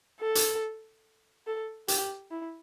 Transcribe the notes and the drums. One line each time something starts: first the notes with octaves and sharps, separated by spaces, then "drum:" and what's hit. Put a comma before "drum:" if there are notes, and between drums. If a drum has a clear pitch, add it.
A4
drum: hi-hat
A4
G4, drum: hi-hat
E4